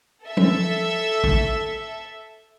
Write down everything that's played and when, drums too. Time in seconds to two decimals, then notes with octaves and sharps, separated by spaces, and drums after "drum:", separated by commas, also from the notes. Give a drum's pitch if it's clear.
0.25 A4 E5
0.37 drum: tom F3
1.24 drum: kick